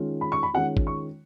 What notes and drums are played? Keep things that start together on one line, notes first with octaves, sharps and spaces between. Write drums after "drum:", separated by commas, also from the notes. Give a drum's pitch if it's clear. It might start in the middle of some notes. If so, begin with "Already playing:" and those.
Already playing: D#3 G#3 C#4 F4
B5
C#6
B5
D#3 G#3 C#4 F4 F#5
drum: kick G#1
C#6